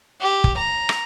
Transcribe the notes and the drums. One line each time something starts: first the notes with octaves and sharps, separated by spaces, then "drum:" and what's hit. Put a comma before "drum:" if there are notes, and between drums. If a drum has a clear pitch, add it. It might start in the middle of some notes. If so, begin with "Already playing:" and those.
G4
drum: kick
A#5
drum: rim click